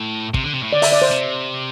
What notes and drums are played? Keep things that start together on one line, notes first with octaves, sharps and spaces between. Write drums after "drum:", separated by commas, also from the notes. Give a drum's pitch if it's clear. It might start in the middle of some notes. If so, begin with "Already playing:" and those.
Already playing: A2
C3, drum: kick
D3
C3
A2
D3 D5
E5, drum: open hi-hat
D5
C5
C3